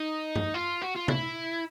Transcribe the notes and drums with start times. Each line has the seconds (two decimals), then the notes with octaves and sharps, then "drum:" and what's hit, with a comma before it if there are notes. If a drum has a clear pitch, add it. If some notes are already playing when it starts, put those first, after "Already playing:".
Already playing: D#4
0.35 drum: tom G2
0.54 F4
0.82 F#4
0.95 F4
1.08 E4, drum: tom C3